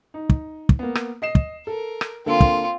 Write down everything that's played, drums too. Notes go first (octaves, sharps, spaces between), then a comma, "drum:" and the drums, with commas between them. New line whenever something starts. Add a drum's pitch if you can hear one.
D#4
drum: kick
drum: kick
A#3 B3
drum: rim click
D#5 C7 E7
drum: kick
A4 A#4
drum: rim click
D3 A#3 C4 F4 A4
drum: kick